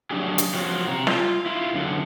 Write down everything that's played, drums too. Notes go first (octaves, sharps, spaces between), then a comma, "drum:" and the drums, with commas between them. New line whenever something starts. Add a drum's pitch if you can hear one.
F#3 A3 D4 G4 G#4
drum: hi-hat
F3 F#3 C4 F4 F#4
C3 A#5
F4, drum: snare
E4 F4
F#2 D3